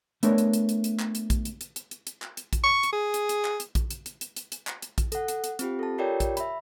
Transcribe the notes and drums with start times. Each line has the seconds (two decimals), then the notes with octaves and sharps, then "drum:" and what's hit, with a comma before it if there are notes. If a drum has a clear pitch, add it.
0.23 A3 B3 D4 A#4 C#5, drum: hi-hat
0.38 drum: hi-hat
0.53 drum: hi-hat
0.69 drum: hi-hat
0.84 drum: hi-hat
0.99 drum: clap
1.15 drum: hi-hat
1.30 drum: kick A#1, hi-hat
1.45 drum: hi-hat
1.61 drum: hi-hat
1.76 drum: hi-hat
1.91 drum: hi-hat
2.07 drum: hi-hat
2.22 drum: clap
2.37 drum: hi-hat
2.53 drum: kick A#1, hi-hat
2.64 C#6
2.83 drum: hi-hat
2.93 G#4
3.14 drum: hi-hat
3.29 drum: hi-hat
3.45 drum: clap
3.60 drum: hi-hat
3.75 drum: kick A#1, hi-hat
3.91 drum: hi-hat
4.06 drum: hi-hat
4.21 drum: hi-hat
4.36 drum: hi-hat
4.52 drum: hi-hat
4.67 drum: clap
4.82 drum: hi-hat
4.98 drum: kick A#1, hi-hat
5.12 A4 F#5, drum: hi-hat
5.28 drum: hi-hat
5.44 drum: hi-hat
5.59 C4 F4 G4, drum: hi-hat
5.79 A4 A5
5.98 F4 G4 A#4 C#5 D5 G5
6.20 drum: kick A#1, hi-hat
6.37 E5 B5, drum: hi-hat